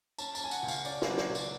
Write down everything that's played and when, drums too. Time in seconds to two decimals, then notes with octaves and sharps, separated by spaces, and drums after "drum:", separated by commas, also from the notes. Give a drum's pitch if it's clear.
0.18 C#4 A5, drum: tambourine
0.35 A5, drum: tambourine
0.40 C#4 G#5
0.51 F#5, drum: tambourine
0.63 C#2
0.68 F5, drum: tambourine
0.85 C#4 D5, drum: tambourine
1.02 B4, drum: snare
1.07 F#3 D5
1.17 C#5, drum: snare
1.29 C#2
1.35 D5, drum: tambourine